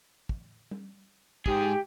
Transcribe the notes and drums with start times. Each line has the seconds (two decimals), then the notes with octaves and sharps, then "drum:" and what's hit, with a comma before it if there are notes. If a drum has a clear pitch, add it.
0.29 drum: kick
0.71 drum: tom G3
1.46 G#2 G4 G#4, drum: kick